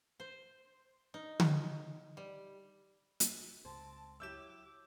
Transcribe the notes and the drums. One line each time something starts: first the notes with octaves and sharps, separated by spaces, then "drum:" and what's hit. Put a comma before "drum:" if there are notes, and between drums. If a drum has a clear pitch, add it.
C5
D#4
drum: tom D3
G3
drum: hi-hat
C#2 C4 A5
F#3 E4 G4 D6 E6 G6 E7